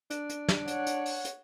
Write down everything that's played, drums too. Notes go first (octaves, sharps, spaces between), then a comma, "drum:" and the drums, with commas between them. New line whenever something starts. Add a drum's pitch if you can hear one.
D4, drum: hi-hat
drum: hi-hat
drum: snare
C#5 F#5, drum: hi-hat
drum: hi-hat
drum: open hi-hat
drum: hi-hat